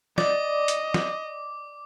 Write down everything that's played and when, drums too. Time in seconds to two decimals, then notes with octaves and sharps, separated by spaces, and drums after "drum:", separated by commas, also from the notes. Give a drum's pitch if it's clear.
0.18 D5 D#5 D6, drum: snare
0.68 drum: hi-hat
0.94 drum: snare